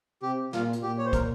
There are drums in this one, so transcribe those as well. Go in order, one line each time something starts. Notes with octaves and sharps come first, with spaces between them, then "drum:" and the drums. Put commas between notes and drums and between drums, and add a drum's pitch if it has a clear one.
C3 G4
A#2 F4, drum: snare
drum: hi-hat
A#2 G4
C#5
C5
A#4, drum: kick, hi-hat